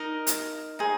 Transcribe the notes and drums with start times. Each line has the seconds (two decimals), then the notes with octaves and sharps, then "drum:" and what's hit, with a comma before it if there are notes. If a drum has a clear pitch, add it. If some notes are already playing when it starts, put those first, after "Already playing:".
Already playing: D#4 A#4 D#5
0.27 drum: hi-hat
0.79 D#4 G#4 C5